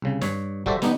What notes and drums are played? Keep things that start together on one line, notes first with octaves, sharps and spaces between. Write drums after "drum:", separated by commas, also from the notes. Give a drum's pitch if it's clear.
C2 C#3
G2 C#5, drum: snare
G3 F#4 A4 C5 D5 E5, drum: kick
G3 B3 D4 D#4, drum: snare